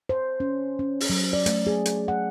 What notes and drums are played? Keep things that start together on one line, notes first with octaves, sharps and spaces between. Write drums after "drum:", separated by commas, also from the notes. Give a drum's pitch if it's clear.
C5
C#4
C#4
drum: open hi-hat
F#3
D5
A3, drum: hi-hat
G#4
drum: hi-hat
F#5